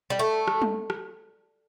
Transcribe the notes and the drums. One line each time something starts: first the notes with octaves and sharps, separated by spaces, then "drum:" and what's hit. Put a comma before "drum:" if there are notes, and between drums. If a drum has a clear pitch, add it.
G3
A3
drum: rim click
drum: tom G3
drum: rim click